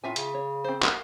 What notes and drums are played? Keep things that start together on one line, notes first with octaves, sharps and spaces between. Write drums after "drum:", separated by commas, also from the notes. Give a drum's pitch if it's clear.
A2 F4 E5 G#5
C#3, drum: hi-hat
C#5
C4 C5
A#4 F5 F#5, drum: clap